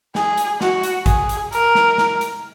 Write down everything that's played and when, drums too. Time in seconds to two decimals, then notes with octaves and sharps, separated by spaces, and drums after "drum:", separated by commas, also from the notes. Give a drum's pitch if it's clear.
0.15 G#4, drum: snare
0.38 drum: hi-hat
0.61 F#4, drum: snare
0.83 drum: hi-hat
1.06 G#4, drum: kick G#1, hi-hat
1.29 drum: hi-hat
1.53 A#4, drum: hi-hat
1.75 drum: snare
1.98 drum: snare
2.21 drum: hi-hat